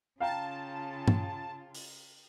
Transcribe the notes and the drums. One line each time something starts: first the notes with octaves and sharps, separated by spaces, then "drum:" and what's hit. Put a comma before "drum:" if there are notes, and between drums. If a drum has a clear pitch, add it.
C#3 F4 F5 G5 A5 A#5
drum: tom G2
drum: open hi-hat